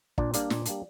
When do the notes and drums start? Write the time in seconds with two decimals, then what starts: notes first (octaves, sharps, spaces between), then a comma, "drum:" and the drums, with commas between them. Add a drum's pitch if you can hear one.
0.18 A#2 D4 D5, drum: kick
0.34 G3 A#3 D4 D5, drum: hi-hat
0.50 A#2, drum: snare
0.65 G3 A#3 D4, drum: hi-hat